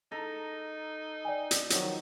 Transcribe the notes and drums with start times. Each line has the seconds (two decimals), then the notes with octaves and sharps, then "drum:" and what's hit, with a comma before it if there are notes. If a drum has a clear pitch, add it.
0.12 D#4 A4 A#5
1.25 D5 G5 G#5
1.51 drum: hi-hat
1.70 D#3 F3 F#3, drum: hi-hat